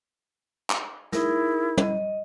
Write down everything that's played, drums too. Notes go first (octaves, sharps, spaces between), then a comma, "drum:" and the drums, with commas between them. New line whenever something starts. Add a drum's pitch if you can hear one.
drum: clap
D#4 E4 G#4 A#4, drum: snare
D#5, drum: tom